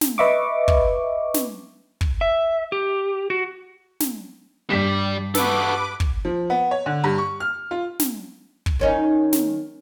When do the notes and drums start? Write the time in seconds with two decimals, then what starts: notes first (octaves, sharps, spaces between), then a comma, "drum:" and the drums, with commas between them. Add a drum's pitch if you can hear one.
0.01 drum: snare
0.18 B4 D#5 E5 C#6 D6
0.68 drum: kick
1.34 drum: snare
2.01 drum: kick
2.21 E5
2.72 G4
3.30 F#4
4.00 drum: snare
4.70 G2 G3 D5 B6 E7
5.35 F#4 A4 B4 D6, drum: snare
6.00 drum: kick
6.25 F3
6.50 B3
6.71 C#5
6.86 D3
7.04 G2
7.18 C#6
7.40 F6
7.71 F4
8.00 drum: snare
8.66 drum: kick
8.79 D#3 C#4 D#4
9.33 drum: snare